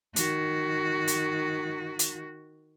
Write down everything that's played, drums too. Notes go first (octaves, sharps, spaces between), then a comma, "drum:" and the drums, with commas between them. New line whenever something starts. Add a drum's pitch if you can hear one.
D#3 F#4, drum: hi-hat
drum: hi-hat
drum: hi-hat